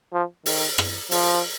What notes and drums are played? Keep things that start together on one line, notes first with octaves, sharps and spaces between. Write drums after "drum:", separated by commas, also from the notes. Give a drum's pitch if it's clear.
F3
D#3, drum: open hi-hat
drum: rim click
F3, drum: open hi-hat